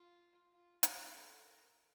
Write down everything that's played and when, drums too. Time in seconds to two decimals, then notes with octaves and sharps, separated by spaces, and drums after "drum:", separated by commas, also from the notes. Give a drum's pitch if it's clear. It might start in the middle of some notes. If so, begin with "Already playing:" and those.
Already playing: F4
0.53 F4
0.83 F#4, drum: hi-hat
1.13 A4
1.43 A#4